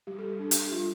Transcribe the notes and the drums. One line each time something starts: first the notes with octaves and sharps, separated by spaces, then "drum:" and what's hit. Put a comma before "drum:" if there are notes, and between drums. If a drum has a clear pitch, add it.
G3 G4
A4
G4
D4 A4
G4, drum: hi-hat
G3 F4